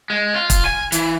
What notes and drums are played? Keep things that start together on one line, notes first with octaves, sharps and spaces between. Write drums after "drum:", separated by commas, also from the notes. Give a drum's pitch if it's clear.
G#3
F4
drum: kick, hi-hat
G#5
E3, drum: hi-hat